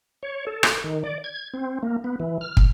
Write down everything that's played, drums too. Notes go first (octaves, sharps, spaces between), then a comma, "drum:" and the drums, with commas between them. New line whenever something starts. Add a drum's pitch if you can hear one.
C#5
A4
drum: rim click
D#3
D5
G#6
C4
A#3
B3
E3
F6
drum: kick